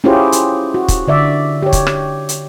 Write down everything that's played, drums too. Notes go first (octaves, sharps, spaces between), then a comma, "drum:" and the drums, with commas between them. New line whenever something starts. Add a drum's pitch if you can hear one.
C#4 E4 F4 G4 G#4 C5
drum: hi-hat
F#4
drum: kick, hi-hat
D3 D5 E5
G4 C#5
drum: kick, hi-hat
drum: rim click
drum: hi-hat